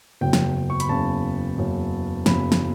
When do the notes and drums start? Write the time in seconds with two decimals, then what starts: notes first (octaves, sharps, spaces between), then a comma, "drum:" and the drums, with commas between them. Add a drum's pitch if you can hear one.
0.21 F#1 E2 C#3 F#3 G5
0.33 drum: snare
0.70 C#6
0.80 B5, drum: hi-hat
0.89 F#1 E2 C#3 F#3 A5
1.57 F#1 E2 C#3 F#3
2.26 F#1 E2 C#3 F#3 B5, drum: snare
2.52 drum: snare